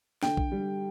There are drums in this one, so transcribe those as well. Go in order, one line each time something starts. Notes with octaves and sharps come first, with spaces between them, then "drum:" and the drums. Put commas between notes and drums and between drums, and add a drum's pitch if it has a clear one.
D3 G5, drum: snare
drum: kick
G3